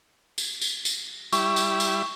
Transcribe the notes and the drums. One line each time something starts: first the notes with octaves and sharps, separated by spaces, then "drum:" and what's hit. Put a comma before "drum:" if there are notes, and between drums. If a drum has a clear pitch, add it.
drum: tambourine
drum: tambourine
drum: tambourine
G3 E4 C#6, drum: tambourine
drum: tambourine
drum: tambourine